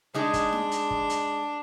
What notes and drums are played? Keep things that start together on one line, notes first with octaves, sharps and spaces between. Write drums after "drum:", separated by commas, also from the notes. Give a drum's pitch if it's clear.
G#3 D4 D#4 G#4
drum: kick, hi-hat
drum: snare D#4
drum: hi-hat
drum: kick
drum: hi-hat